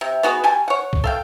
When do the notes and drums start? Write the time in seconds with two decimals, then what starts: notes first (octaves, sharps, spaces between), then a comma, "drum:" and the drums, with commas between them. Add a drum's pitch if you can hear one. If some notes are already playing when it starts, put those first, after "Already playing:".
0.01 C3
0.23 B3 F#4 G#4 B4
0.44 G3 G#5 A5
0.68 C#5 F#5
0.93 drum: kick
1.04 A4 F5 G5